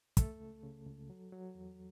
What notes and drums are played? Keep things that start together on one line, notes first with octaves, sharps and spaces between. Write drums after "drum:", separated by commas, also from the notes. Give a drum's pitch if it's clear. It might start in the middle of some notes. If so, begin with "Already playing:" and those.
A3 A4, drum: kick, hi-hat
C#2
C#3
C#2
F#3
F#3
E2